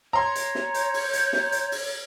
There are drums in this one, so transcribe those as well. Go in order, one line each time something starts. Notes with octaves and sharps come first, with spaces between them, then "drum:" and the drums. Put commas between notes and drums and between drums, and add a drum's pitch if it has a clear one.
C#5 A#5 C6
drum: hi-hat
drum: snare
G6, drum: hi-hat
drum: open hi-hat
drum: hi-hat
drum: snare
drum: hi-hat
drum: open hi-hat